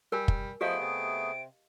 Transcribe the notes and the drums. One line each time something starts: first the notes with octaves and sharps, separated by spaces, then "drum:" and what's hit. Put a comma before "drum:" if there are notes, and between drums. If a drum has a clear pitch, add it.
G3 A#4 G#5
drum: kick
F3 A3 B3 G4 G#4 D#5 F5 D7
C3